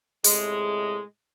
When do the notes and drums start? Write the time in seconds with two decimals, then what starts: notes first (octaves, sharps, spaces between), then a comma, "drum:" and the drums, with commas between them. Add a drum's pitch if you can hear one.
0.24 A2 C3 G#3, drum: open hi-hat